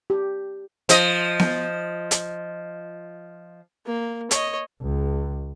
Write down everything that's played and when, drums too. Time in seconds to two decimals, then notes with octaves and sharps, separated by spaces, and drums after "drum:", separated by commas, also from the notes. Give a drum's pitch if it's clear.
0.10 G4
0.89 F3 D#5, drum: hi-hat
1.39 drum: snare B3
2.11 drum: hi-hat
3.86 A#3
4.31 C#5 D#5, drum: hi-hat
4.82 C#2